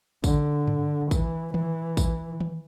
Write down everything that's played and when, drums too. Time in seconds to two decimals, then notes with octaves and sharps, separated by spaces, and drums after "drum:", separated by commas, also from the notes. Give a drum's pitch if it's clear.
0.24 D3, drum: kick, tambourine
0.67 drum: tom G2
1.11 E3, drum: kick, tambourine
1.54 E3, drum: tom D#3
1.97 drum: kick, tambourine
2.40 drum: tom D#3